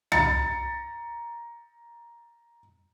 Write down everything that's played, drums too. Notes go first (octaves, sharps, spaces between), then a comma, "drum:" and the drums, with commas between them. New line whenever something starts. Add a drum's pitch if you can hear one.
A#5 A6 C#7, drum: tom